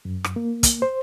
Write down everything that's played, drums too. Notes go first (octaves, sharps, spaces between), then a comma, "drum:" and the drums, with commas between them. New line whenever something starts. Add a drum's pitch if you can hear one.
F#2
drum: rim click
A#3
drum: kick, hi-hat
C5